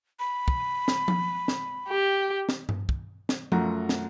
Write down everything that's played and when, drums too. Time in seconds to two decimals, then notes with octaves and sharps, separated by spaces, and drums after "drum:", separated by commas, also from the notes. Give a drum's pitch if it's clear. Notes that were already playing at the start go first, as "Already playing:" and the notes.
0.19 B5
0.48 drum: kick
0.88 drum: snare
1.08 drum: tom F3
1.48 drum: snare
1.88 G4
2.49 drum: snare
2.69 drum: tom G2
2.89 drum: kick
3.29 drum: snare
3.52 F#2 A3 F4 F#5 A#5, drum: tom F3
3.89 drum: snare